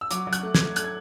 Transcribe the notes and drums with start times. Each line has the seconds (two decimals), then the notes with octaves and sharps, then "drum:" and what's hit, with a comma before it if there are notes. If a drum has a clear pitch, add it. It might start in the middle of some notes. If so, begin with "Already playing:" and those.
0.01 E6
0.11 F#3 D6, drum: hi-hat
0.27 F#3
0.33 F#6, drum: hi-hat
0.43 A3
0.55 G#6, drum: snare
0.60 A3
0.76 A3 F#6, drum: hi-hat
0.84 G#6